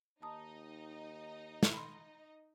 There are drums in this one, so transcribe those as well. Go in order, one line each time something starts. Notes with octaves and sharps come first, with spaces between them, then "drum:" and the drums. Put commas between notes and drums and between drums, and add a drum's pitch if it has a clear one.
D#2 D#4 D#5 A5 A#5 D#6
drum: snare
B5 C6